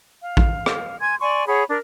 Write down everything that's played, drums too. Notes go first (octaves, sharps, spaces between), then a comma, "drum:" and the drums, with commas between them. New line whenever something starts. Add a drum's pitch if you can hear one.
F5
drum: kick A1
drum: rim click
G#5 C6 G#6
D5 G#5 C6 C#6
G#4 C#5 F#5 B5
D4 A#4